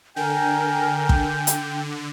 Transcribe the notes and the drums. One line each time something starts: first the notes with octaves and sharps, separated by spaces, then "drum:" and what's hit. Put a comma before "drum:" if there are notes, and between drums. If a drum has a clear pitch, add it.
D3 A#4 G5 G#5 G6
drum: kick
drum: hi-hat